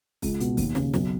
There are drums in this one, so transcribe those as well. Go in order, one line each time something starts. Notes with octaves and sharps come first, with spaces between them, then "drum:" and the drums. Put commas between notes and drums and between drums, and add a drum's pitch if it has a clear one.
C#2, drum: kick, open hi-hat
B2, drum: hi-hat
D#2, drum: kick, open hi-hat
C#3, drum: snare
B1, drum: snare